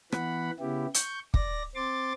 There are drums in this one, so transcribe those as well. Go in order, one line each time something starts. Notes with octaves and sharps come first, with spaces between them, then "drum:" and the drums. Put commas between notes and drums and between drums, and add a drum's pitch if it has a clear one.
E3 B3 F#5 B5, drum: rim click
C#3 B3 E4 G4
C#6 G6, drum: hi-hat
D5 A#6, drum: kick
C4 C6 D6 A6